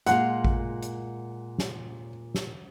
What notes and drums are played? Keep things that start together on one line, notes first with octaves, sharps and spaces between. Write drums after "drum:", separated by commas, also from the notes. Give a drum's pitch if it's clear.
A#2 G#3 F4 F#5, drum: hi-hat
drum: kick A1
drum: hi-hat
drum: snare
drum: snare